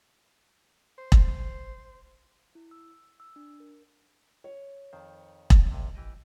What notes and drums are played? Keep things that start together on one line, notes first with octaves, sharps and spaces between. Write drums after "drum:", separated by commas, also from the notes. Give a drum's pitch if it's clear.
C5
drum: kick E1
E4
E6
E6
D4
A#4
C#5
F2 D#3 C5
drum: kick E1
D#2 C3
E3 G4 D#5